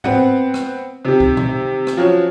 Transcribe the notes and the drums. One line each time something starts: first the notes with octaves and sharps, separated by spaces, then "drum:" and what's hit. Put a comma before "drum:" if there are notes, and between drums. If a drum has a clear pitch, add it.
B3 C4 F#5, drum: tom G#2
drum: rim click
C3 D#3 G4
drum: kick C#2
drum: tom A#2
drum: rim click
F3 F#3 C#4